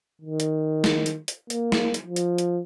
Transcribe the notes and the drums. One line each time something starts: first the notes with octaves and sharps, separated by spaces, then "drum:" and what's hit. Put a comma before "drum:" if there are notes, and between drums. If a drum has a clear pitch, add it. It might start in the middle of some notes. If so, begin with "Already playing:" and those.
D#3
drum: hi-hat
drum: snare
drum: hi-hat
drum: hi-hat
A#3, drum: hi-hat
drum: snare
drum: hi-hat
F3
drum: hi-hat
drum: hi-hat